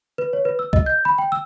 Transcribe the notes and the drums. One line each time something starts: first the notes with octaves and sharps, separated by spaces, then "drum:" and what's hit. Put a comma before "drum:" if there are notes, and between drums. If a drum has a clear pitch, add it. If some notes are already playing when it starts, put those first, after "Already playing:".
B4
C#5
B4
E6
D#5, drum: kick C2
G6
B5
G5
E6